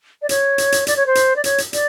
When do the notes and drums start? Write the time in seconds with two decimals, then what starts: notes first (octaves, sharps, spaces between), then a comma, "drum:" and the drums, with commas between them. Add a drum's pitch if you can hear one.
0.21 D5
0.29 C#5, drum: hi-hat
0.58 drum: hi-hat
0.72 drum: hi-hat
0.87 D5, drum: hi-hat
0.96 C#5
1.06 C5
1.15 drum: hi-hat
1.35 D5
1.44 C#5, drum: hi-hat
1.58 drum: hi-hat
1.73 D5, drum: hi-hat